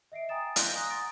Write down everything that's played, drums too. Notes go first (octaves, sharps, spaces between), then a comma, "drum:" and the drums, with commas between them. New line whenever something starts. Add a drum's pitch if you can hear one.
D#5 E5 C7 D7
G5 G#5 A#5 D#6 A6 E7
D#5 F5 C6 F#6 G6 A#6, drum: hi-hat
G#5 A#5 D#6 F#6 A#6
F#5 A#5 C6 D#6 A6 D7